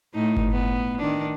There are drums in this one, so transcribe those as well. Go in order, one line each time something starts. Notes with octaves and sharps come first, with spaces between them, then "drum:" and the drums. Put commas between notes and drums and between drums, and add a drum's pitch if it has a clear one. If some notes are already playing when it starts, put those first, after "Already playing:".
A2 A3 D#4
drum: kick G1
B3
D#3 D4